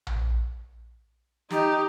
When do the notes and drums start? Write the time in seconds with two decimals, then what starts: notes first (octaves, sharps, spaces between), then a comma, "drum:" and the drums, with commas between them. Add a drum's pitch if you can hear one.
0.07 drum: tom A#1
1.50 D#4 G4 A#5 D#6, drum: snare